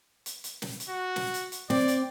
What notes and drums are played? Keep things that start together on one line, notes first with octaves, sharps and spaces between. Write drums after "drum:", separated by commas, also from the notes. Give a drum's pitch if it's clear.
drum: hi-hat
drum: hi-hat
drum: snare
drum: hi-hat
F#4
drum: snare
drum: hi-hat
drum: hi-hat
C4 D5, drum: snare
drum: hi-hat